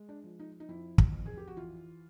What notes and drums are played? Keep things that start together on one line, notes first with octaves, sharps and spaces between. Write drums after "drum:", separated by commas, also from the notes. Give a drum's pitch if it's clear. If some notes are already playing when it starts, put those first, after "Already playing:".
Already playing: G#3
D4
F3
D#4
D#4
F2 E4
drum: kick
F2
G#4
G4
F#4
E3 F4